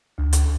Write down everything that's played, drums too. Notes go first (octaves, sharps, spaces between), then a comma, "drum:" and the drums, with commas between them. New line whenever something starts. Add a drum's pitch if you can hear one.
D2
drum: hi-hat